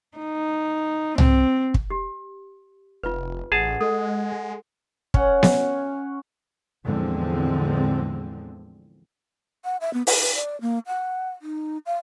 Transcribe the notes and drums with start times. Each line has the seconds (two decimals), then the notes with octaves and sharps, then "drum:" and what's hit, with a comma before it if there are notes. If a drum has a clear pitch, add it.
0.18 D#4
1.18 C4, drum: tom C2
1.74 drum: kick
1.90 G4
3.03 F1 F4 B4
3.52 A1 G#4 F#5 A5
3.81 G#3 A4
5.14 C#4 F#5, drum: kick
5.43 drum: snare B3
6.85 E2 A2 D3 F3 G#3 C4
9.65 F#5
9.81 E5
9.93 B3
10.07 B4, drum: open hi-hat
10.22 B4
10.35 D5
10.61 A#3
10.87 F#5
11.42 D#4
11.86 F5